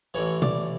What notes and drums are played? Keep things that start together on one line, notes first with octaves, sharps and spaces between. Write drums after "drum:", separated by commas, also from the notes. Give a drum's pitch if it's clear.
A1 A2 E3 C#5
D5, drum: tom B2